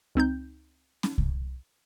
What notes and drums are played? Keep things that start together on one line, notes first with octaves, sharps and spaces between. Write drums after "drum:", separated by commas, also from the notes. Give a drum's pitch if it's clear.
C#2 C4 D#4 G6
drum: snare C#4
drum: kick C2